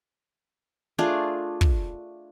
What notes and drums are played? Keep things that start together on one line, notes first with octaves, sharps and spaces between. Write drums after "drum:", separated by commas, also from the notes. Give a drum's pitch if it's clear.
A3 D4 F4 G#4
drum: kick